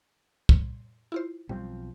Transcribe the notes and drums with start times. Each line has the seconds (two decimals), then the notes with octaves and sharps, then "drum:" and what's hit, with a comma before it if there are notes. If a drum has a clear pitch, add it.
0.49 drum: kick
1.12 E4 F4 C5
1.49 B1 F3 G3 C4